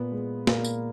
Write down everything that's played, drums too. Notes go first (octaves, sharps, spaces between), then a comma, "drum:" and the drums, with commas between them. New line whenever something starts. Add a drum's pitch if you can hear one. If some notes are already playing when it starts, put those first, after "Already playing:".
Already playing: A#2 B3
G#3
A#2 A#3, drum: snare
drum: tambourine